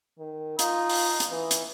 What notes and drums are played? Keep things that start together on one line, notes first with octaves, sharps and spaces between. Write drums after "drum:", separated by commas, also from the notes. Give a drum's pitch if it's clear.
D#3
D#4 F4, drum: hi-hat
drum: open hi-hat
drum: hi-hat
E3
drum: hi-hat